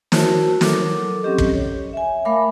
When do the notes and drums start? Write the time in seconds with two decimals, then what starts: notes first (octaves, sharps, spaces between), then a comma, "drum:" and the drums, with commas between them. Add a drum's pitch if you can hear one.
0.12 E4 F#4 A#4 C5 C#5 A5, drum: snare
0.61 F#3 A4 A#4 D6, drum: snare
1.23 F#3 C4 C#4 G4 D#5
1.38 drum: kick
1.54 C#5
1.93 E5 G#5
2.25 A3 A#4 F5 B5 D6